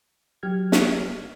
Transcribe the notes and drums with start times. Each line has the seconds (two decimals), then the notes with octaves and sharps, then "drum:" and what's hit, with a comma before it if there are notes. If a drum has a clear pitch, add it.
0.43 F#3 G4 F6 G#6
0.72 drum: snare